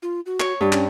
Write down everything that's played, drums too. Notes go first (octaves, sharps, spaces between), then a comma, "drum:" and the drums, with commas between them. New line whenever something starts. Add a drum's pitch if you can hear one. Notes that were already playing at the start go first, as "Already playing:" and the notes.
F4
F#4
C#5, drum: clap
G2 G4
C#4, drum: clap